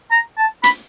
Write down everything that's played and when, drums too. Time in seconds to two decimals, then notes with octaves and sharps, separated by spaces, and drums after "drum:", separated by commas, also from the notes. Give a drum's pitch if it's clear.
0.11 A#5
0.38 A5
0.63 B5, drum: hi-hat